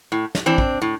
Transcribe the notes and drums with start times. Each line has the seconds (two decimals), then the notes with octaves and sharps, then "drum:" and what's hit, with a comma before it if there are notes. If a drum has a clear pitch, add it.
0.12 A2
0.35 drum: snare
0.46 E3 C4 D4
0.58 drum: kick
0.82 A2